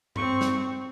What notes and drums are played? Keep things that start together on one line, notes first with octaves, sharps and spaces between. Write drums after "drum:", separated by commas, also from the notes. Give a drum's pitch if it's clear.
C4 C#6, drum: tom G2
drum: snare